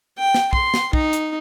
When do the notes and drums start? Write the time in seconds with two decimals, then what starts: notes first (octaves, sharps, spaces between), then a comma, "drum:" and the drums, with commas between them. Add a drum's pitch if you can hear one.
0.18 G5
0.34 drum: snare
0.53 C6, drum: kick
0.74 drum: snare
0.93 D#4, drum: kick
1.13 drum: hi-hat